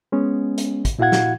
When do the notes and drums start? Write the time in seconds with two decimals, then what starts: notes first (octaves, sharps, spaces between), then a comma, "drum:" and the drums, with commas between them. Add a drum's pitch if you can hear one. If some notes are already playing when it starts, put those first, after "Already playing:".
0.12 G#3 B3 C#4
0.58 drum: hi-hat
0.85 drum: kick, hi-hat
0.99 A#2 E4 F#4 F5 F#5 G#6
1.12 drum: snare